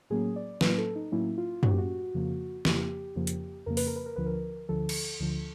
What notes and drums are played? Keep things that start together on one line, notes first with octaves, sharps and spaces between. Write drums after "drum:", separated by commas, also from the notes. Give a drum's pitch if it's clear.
A2 F#3 A#3 C#4 G#4
D5
A2 F#3 A#3 C#4 B4, drum: snare
A4
D#4
A2 F#3 A#3 C#4 E4
F4
A2 F#3 A#3 C#4 F#4, drum: tom F#2
G4
F#4
F2 C#3 F3 A#3
F2 C#3 F3 A#3 G4, drum: snare
F2 C#3 F3 A#3
drum: hi-hat
F2 C#3 F3 A#3 A#4
B4, drum: open hi-hat
A#4
B4
A#4
D2 D3 F3 B4
A#4
D2 D3 F3 A4
drum: cymbal
D2 D3 F3